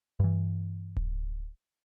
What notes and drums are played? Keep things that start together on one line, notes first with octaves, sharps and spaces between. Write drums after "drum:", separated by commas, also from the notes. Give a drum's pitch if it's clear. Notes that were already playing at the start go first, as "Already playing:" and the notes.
G2 E3
drum: kick D1